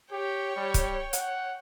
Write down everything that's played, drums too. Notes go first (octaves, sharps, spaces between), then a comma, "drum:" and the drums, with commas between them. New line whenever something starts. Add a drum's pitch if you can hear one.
G4 C#5 G5
G3
drum: kick, hi-hat
F#5, drum: hi-hat